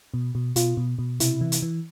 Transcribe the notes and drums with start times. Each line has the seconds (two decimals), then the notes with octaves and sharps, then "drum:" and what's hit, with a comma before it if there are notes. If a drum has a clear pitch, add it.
0.14 B2
0.35 B2
0.56 B2 F4, drum: hi-hat
0.77 B2
0.99 B2
1.20 C3 E4, drum: hi-hat
1.41 E3
1.52 drum: hi-hat
1.62 E3